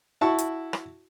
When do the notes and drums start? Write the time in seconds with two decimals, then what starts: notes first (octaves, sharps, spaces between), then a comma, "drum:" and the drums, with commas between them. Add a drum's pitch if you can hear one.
0.21 E4 F#4 A5 C#6
0.38 drum: hi-hat
0.73 drum: rim click